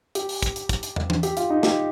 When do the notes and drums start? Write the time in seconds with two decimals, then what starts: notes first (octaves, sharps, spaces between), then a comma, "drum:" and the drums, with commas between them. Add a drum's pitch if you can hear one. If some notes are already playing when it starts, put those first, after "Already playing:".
0.15 G4, drum: hi-hat
0.29 drum: open hi-hat
0.42 drum: kick, hi-hat
0.56 drum: hi-hat
0.69 drum: kick, hi-hat
0.83 drum: hi-hat
0.96 drum: tom
1.10 drum: tom E3
1.23 G4, drum: hi-hat
1.37 F4, drum: hi-hat
1.50 D#4
1.63 G4, drum: snare